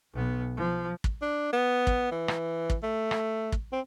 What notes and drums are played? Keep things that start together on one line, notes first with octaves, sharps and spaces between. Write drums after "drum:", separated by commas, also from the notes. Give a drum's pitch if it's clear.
B1 B3
F3
drum: kick
D4
B3
drum: kick
E3
drum: rim click
drum: kick
A3
drum: rim click
drum: kick
C4